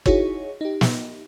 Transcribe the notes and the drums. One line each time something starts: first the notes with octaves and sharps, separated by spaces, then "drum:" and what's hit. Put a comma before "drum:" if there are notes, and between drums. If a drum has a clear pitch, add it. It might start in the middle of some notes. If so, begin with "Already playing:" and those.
D#4 E4 F#4 G#4 C#5 C#6, drum: kick
D#4 G4
drum: snare